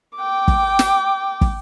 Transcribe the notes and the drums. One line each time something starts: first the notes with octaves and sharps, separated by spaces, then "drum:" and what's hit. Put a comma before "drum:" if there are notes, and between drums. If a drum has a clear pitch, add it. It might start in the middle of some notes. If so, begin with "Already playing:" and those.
G5 D6
drum: kick
drum: snare
drum: kick